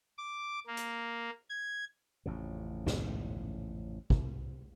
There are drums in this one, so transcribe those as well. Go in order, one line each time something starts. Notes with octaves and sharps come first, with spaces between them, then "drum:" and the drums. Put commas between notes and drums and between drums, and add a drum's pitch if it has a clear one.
D6
A#3
drum: hi-hat
G#6
A1 F2 C#3
D2 G#2 B2, drum: snare
C2, drum: kick